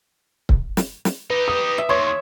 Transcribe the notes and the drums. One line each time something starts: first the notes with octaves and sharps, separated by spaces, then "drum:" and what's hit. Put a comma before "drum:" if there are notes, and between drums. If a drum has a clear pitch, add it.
drum: kick C#1
drum: snare
drum: snare
D#4 G4 B4
D#6
E5
D#2 C#5 C6